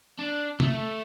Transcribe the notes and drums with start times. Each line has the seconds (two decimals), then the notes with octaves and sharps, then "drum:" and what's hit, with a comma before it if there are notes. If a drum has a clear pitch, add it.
0.19 D4
0.60 A3, drum: tom C3